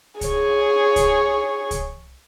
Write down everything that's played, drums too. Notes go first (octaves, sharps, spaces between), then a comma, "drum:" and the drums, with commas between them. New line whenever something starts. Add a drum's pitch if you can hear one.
G#4 C#5, drum: kick C2, hi-hat
drum: kick C2, hi-hat
drum: kick C2, hi-hat